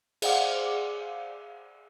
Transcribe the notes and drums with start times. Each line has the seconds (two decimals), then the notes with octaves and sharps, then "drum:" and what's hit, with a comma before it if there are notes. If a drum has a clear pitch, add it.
0.22 G#4 C5 D5 F5 F#5 D6, drum: cymbal